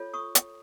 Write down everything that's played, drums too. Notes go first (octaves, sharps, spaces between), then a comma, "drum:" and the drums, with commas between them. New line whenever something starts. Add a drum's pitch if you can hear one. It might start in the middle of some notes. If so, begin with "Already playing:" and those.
Already playing: F4 A4 C#5
C#6 D#6
drum: hi-hat